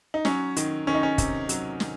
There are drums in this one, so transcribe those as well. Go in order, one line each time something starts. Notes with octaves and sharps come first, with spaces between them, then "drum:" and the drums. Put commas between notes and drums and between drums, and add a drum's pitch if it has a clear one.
D#4
F#3 C#4, drum: snare
D#3, drum: hi-hat
D#3 C#4
D#4
C#4
C3, drum: kick, hi-hat
F#3, drum: hi-hat
D#3, drum: snare